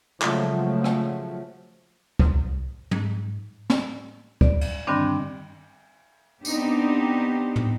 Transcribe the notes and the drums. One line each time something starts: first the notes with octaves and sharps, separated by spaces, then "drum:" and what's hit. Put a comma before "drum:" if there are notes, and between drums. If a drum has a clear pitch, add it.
C#3 F3 F#3 G#3 A3, drum: clap
drum: rim click
C2, drum: kick C#2
G#2, drum: tom
drum: snare
D5, drum: kick C#2
drum: cymbal
G2 D3 D#3 G3 C4 D4
B3 C4 D4 D#4 G4, drum: tambourine
drum: tom